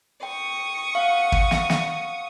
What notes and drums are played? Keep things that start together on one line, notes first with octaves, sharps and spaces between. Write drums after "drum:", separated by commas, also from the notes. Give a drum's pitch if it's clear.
G5 C#6 D#6
F5 F#5
drum: kick
drum: snare
drum: snare